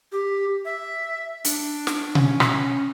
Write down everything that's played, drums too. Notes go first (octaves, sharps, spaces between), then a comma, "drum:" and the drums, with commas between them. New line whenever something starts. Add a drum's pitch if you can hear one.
G4
E5
D4, drum: hi-hat
drum: snare
C#4, drum: tom B2
drum: rim click